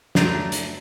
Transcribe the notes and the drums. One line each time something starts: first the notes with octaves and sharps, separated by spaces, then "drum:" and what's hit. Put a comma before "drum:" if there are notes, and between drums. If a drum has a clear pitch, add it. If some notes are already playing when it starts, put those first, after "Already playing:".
F#3 A3 D4 A#5, drum: snare
drum: hi-hat